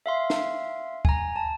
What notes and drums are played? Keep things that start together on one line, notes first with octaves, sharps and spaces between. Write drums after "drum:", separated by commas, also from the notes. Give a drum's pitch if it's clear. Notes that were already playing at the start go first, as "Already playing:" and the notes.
E5 F5 C6
drum: snare
G#5 A#5, drum: kick C#2
A5